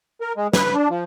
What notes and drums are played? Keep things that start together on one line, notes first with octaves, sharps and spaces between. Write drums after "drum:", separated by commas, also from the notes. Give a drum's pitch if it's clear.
A#4
G#3
B4, drum: snare
D4
F3